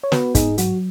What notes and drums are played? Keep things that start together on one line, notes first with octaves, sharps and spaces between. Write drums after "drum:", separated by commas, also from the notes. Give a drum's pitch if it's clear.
C#5
B3 F#4 B4, drum: snare
G#2 D#4 G#4, drum: kick, hi-hat
F#3 F#4, drum: hi-hat